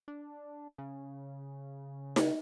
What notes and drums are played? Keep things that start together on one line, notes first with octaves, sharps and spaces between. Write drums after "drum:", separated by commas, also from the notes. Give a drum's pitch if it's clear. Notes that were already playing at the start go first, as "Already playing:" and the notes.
D4
C#3
drum: snare D#4